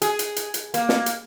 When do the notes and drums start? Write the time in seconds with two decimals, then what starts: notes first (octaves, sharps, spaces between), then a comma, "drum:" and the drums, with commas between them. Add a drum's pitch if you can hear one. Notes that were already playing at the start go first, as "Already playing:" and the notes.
0.02 G#4, drum: hi-hat
0.19 drum: hi-hat
0.36 drum: hi-hat
0.54 drum: hi-hat
0.74 A#3, drum: hi-hat
0.89 drum: snare
1.06 drum: hi-hat